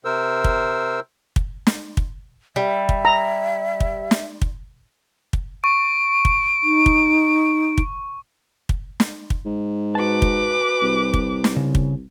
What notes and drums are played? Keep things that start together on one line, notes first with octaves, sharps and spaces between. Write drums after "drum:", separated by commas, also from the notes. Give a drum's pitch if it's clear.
C3 A#4 C5 E6
drum: kick
drum: kick
drum: snare
drum: kick
G3 E5
drum: kick
A#5
drum: kick
drum: snare
drum: kick
drum: kick
C#6 D7
drum: kick
D#4
drum: kick
drum: kick
drum: kick
drum: snare
drum: kick
G#2
F#4 B4 A5 D6
drum: kick
C2
drum: kick
drum: snare
C#3
drum: kick